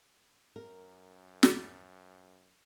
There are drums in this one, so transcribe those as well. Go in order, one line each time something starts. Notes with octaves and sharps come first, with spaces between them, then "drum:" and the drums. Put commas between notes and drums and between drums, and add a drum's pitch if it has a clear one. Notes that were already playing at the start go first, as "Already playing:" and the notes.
F#2 A#4
drum: snare